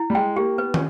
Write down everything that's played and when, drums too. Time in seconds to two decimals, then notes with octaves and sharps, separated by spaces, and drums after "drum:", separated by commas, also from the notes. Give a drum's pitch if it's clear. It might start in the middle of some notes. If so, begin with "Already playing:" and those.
Already playing: E4
0.10 G3
0.15 G#3 G5
0.36 A#3 G4
0.58 B3 B4
0.74 C#4, drum: tom